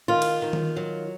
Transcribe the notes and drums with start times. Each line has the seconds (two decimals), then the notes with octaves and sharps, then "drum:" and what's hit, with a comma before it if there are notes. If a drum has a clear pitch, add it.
0.08 D#3 F4
0.22 drum: cymbal
0.42 D#3
0.53 drum: tom D#3
0.76 F#3